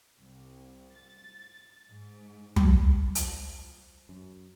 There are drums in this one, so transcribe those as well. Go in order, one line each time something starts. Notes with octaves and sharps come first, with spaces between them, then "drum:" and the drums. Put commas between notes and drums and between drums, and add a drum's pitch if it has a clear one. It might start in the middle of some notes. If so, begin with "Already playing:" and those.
C2
A6
G#2
drum: tom
F3, drum: hi-hat
F#2